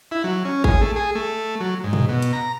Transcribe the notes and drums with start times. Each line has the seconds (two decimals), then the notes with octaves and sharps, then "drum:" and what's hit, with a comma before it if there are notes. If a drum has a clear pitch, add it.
0.11 E4
0.24 F#3
0.45 C#4
0.64 G#4, drum: kick A1
0.81 A3
0.96 G#4
1.15 A3
1.60 F#3
1.84 G#2
1.93 drum: tom A#2
2.09 B2
2.22 drum: hi-hat
2.33 A#5